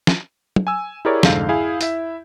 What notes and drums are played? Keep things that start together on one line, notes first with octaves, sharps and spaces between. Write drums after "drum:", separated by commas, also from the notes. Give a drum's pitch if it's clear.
drum: snare
drum: tom
G#5 E6
E4 G4 G#4 A#4 C#5 D5
C2 F2 G#2 D3 F5 G6, drum: snare
E4 G#4 F5 G#5
E4 E5, drum: hi-hat